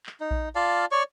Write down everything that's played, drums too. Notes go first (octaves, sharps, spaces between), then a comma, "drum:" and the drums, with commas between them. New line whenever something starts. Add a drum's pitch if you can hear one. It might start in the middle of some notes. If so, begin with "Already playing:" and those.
drum: clap
D#4
drum: kick A#1
F4 D5 F5 A5
C#5 D5 C#6